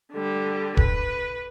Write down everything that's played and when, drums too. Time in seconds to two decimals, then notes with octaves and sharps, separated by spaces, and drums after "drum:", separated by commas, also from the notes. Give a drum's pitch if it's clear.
0.13 D3 G3
0.77 B4, drum: kick